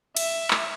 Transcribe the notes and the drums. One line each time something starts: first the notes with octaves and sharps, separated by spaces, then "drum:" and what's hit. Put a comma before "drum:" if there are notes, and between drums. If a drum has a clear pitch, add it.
E5, drum: cymbal
drum: clap